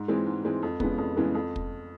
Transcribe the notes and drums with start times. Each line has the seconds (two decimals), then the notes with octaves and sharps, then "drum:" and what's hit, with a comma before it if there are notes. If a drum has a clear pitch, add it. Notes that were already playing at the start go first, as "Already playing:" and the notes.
Already playing: G#2
0.08 E3 G#3 C4
0.26 G#2
0.45 E3 G#3 C4
0.62 F2
0.80 C#3 E3 G#3 B3, drum: kick
0.98 F2
1.16 C#3 E3 G#3 B3
1.35 F2
1.56 drum: kick